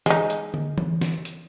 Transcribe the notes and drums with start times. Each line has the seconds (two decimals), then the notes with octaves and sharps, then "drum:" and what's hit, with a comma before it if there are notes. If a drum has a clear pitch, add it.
0.06 G#3 D#4, drum: snare
0.30 drum: hi-hat
0.54 drum: tom D3
0.78 drum: tom E3
1.01 drum: snare
1.25 drum: hi-hat